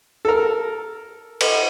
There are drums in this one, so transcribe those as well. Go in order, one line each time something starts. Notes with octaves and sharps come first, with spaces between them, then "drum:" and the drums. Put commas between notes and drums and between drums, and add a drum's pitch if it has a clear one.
A4 A#4
drum: cymbal